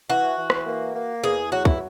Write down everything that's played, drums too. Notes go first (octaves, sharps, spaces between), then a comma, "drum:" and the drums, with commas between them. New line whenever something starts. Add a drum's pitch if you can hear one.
E3 F#4
E3
drum: rim click
A#3
A#3
E2 G#4
F#3 F#4
E4, drum: kick